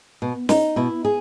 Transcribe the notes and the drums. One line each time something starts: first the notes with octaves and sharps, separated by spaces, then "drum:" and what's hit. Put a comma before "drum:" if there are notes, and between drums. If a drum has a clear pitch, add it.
B2
D#4, drum: snare
B2 E4
G#4